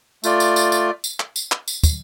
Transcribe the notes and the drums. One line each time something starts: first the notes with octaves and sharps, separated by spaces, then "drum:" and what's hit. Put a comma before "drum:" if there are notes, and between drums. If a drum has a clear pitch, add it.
A3 F4 D5, drum: tambourine
drum: tambourine
drum: tambourine
drum: tambourine
drum: tambourine
drum: clap
drum: tambourine
drum: clap
drum: tambourine
drum: kick, tambourine